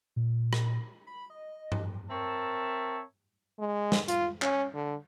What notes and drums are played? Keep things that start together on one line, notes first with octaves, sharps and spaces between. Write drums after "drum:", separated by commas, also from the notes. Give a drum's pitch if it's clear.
A#2
drum: rim click
B5
D#5
drum: tom G2
C4 A#4 C#5 E5 A5
G#3
drum: snare
F4, drum: hi-hat
C#4, drum: clap
D3